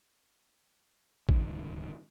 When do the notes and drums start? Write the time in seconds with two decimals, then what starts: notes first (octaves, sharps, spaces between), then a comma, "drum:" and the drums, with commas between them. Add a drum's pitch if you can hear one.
1.29 D1 C#2 G2 D#3, drum: kick A1